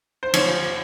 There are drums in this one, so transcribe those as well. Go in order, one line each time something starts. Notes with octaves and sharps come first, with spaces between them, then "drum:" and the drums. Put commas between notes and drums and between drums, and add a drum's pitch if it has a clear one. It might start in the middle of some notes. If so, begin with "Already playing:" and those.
C5
F3 C#5, drum: cymbal